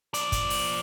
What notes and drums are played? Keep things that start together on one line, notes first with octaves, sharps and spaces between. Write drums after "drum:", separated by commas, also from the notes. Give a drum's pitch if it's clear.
F3 D5, drum: hi-hat
drum: kick G1, hi-hat
drum: open hi-hat